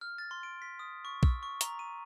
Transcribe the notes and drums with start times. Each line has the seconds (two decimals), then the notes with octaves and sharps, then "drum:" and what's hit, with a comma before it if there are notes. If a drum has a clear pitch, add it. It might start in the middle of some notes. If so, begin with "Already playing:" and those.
0.01 F6
0.18 A6
0.31 C6
0.43 D7
0.62 B6
0.79 D#6
1.05 C#6
1.23 E6, drum: kick
1.43 C#6
1.61 A#5, drum: hi-hat
1.79 D#7